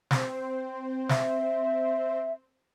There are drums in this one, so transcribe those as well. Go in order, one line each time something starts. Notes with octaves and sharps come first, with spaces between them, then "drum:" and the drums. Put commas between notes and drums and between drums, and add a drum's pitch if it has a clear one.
C4 C5, drum: snare
E5, drum: snare